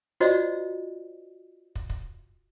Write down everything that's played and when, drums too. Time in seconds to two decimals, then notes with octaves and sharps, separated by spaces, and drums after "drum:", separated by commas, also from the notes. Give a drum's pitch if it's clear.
0.20 F4 F#4 C5 D5 D#5, drum: hi-hat
1.75 drum: kick
1.90 drum: kick